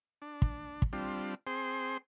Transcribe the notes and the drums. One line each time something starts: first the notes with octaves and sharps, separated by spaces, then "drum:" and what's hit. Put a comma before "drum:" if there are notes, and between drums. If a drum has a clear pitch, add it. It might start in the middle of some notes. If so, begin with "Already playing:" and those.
D4
drum: kick
drum: kick
G3 C4 D4 F4
C4 G#4 C5 C6